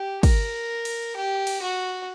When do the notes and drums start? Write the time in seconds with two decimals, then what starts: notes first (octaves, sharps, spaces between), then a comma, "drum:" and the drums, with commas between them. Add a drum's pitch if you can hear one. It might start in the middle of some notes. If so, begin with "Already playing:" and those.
Already playing: G4
0.23 A#4, drum: kick, cymbal
0.85 drum: cymbal
1.17 G4
1.47 drum: cymbal
1.62 F#4